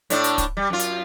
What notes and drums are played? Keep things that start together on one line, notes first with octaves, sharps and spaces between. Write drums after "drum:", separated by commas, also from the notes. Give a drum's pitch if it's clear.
A2 D4, drum: hi-hat
drum: hi-hat
drum: kick, hi-hat
G3
F#2 F4
drum: hi-hat